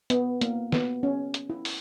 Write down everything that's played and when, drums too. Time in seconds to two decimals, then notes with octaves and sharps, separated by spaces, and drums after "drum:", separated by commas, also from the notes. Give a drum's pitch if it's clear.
0.10 B3, drum: hi-hat
0.41 A#3, drum: hi-hat
0.72 B3, drum: snare
1.03 C#4
1.34 drum: hi-hat
1.50 E4
1.65 drum: open hi-hat